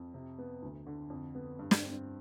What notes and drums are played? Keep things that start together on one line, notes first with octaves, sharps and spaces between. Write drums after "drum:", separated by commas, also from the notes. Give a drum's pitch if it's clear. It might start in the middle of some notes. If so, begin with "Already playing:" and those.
Already playing: F2
C3
B3
D2
D3
F2
B3
G2
drum: snare
C4